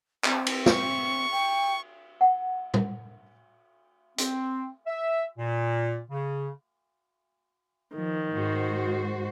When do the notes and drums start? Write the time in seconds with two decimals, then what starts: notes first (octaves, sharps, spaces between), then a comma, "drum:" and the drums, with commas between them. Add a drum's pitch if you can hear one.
0.24 C4, drum: clap
0.46 drum: cymbal
0.66 C#6, drum: snare
1.31 G5
2.21 F#5
2.74 drum: tom A#2
4.18 C4, drum: hi-hat
4.87 E5
5.38 A#2
6.10 C#3
7.96 D#3 F3
8.34 G#2 F#4 C5